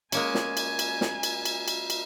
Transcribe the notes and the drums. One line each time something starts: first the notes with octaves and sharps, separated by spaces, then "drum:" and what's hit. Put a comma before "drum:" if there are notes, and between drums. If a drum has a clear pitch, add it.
G#3 A#3 C#4 G#5, drum: cymbal
drum: snare
drum: cymbal
drum: cymbal
drum: snare
drum: cymbal
drum: cymbal
drum: cymbal
drum: cymbal